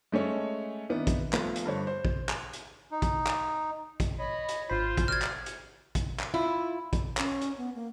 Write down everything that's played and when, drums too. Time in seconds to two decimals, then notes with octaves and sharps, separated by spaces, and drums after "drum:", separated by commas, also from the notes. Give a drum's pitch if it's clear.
0.12 G#3 A3 C#4 C#5
0.90 D#3 B3 C4 D4 E4
1.07 drum: kick, hi-hat
1.33 F3 A3 B3 F4, drum: clap
1.56 drum: hi-hat
1.66 G2 D3 A4 C5 C#5
1.87 C5
2.05 drum: kick
2.29 drum: clap
2.53 drum: hi-hat
2.91 D#4
3.02 drum: kick, hi-hat
3.27 drum: clap
4.00 drum: kick, hi-hat
4.19 C#5 D#5 B5
4.49 drum: hi-hat
4.70 G#1 F4 C5 B5
4.97 drum: kick, hi-hat
5.08 F#4 D5 F6 G#6
5.22 drum: clap
5.46 drum: hi-hat
5.95 drum: kick, hi-hat
6.20 drum: clap
6.34 E4 F4
6.93 drum: kick, hi-hat
7.17 C#4, drum: clap
7.42 drum: hi-hat
7.57 B3
7.75 A#3